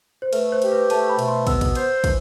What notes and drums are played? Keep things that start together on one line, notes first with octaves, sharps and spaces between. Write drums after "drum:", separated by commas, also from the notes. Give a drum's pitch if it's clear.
C5
A3 B4, drum: cymbal
C5
G4, drum: cymbal
B4
A3 A5, drum: cymbal
B5
B2, drum: cymbal
C6
B3 E6, drum: kick, cymbal
drum: kick, cymbal
C5, drum: cymbal
E3, drum: kick, cymbal